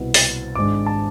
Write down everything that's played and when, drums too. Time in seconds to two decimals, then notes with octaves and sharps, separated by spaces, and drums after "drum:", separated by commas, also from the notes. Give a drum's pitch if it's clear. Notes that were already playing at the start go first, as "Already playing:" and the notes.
Already playing: C2 B2 B3 E4
0.14 A6, drum: open hi-hat
0.55 G#1 G#2 G#3 D4 D6
0.86 A5